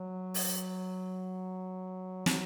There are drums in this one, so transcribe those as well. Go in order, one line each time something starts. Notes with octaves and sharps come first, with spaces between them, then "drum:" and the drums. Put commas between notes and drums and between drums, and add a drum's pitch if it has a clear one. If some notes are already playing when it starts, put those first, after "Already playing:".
Already playing: F#3
drum: open hi-hat
F#3, drum: snare